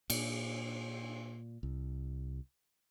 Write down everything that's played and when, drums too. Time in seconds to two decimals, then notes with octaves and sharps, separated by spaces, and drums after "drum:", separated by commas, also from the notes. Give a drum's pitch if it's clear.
0.10 A#2, drum: cymbal
1.63 C2